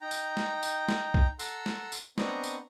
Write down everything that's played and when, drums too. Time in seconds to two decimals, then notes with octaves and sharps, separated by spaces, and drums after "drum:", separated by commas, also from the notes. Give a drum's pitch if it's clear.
0.01 D#4 G5 A#5
0.11 drum: tambourine
0.37 drum: snare
0.63 drum: tambourine
0.89 drum: snare
1.14 drum: kick B1
1.39 A4 F#5 A#5 C6 E6, drum: tambourine
1.66 drum: snare
1.92 drum: tambourine
2.18 B3 C4 D4 D#5 A#5 C#6, drum: snare
2.44 drum: tambourine